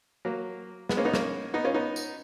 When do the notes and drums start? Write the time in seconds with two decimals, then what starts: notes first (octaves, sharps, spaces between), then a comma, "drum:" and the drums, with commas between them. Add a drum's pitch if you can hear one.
0.25 F#3 A#3
0.89 G#3 B3, drum: snare
0.97 A#3 C#4
1.05 B3 D#4
1.13 A#3 C#4, drum: snare
1.54 B3 D#4
1.65 C#4 F4
1.74 B3 D#4
1.96 drum: tambourine